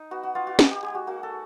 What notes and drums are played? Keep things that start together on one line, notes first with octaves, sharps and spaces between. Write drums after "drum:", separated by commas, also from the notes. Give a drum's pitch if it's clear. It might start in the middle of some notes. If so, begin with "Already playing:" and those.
Already playing: D#4
B3 F#4
F#4
B3 F4
F#4
D#4 G4, drum: snare
G4
G#3 G4
F#4
A#3 F#4
A4